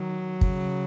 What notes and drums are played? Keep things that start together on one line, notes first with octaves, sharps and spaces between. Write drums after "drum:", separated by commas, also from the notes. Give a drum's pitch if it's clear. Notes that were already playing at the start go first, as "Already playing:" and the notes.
Already playing: D#3 F#3
C#3, drum: kick